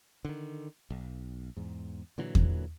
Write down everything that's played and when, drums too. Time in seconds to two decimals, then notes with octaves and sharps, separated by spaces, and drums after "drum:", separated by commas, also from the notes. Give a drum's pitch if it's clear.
0.25 D3 D#3
0.90 B1
1.57 E2 G#2
2.18 A#2 D3 E3 F#3
2.35 drum: kick E2